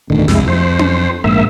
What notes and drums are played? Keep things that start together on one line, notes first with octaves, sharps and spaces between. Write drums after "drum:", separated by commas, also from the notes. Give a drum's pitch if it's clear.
E1 D2 A2 D3 D#3
C2 F2 G#3 E4, drum: snare
F2 C5
drum: tom C#4
A#1 G#2 A#3 E5